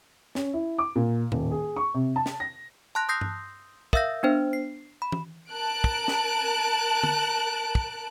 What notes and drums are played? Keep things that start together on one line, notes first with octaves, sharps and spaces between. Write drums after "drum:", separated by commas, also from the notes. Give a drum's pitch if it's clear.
C#4, drum: snare
E4
D6
A#2
D#1, drum: tom A2
G#4
C#6
C3
A5
drum: snare
A#6
A5 C6 F#6 A#6
C6 D#6 E6 G6 A#6 C7
drum: tom G2
A#4 E5 F5 E6 G6 A#6, drum: kick
B3 D4 C5
C7
B5
drum: tom
A#4 A5 F#6 D7
drum: kick
drum: snare
drum: tom
drum: kick